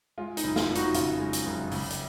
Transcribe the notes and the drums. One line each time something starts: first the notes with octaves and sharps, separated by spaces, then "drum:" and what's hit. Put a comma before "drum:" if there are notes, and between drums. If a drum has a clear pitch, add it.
G#3 F4
D#4, drum: hi-hat
F#1
F4, drum: snare
F2
D#4 F#4, drum: hi-hat
C#3 F4, drum: hi-hat
G#3
drum: hi-hat
F#1
C#2, drum: open hi-hat
drum: hi-hat